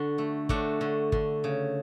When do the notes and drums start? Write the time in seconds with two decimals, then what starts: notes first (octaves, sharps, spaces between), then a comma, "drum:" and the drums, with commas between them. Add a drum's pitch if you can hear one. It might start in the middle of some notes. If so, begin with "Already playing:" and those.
Already playing: D3 D4 F#4
0.18 A3
0.49 A3 D4 F#4, drum: kick
0.81 D3
1.12 D3, drum: kick
1.44 C#3